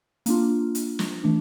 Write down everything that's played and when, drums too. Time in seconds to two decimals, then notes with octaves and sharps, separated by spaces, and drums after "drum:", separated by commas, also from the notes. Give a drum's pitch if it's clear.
0.26 A#3 D4 F4, drum: hi-hat
0.75 drum: hi-hat
0.99 drum: snare
1.24 E3 A3 D4